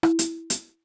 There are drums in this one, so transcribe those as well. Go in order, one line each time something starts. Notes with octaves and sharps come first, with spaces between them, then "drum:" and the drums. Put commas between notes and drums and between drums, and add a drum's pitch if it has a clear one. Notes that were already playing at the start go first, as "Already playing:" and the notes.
E4, drum: rim click
drum: hi-hat
drum: hi-hat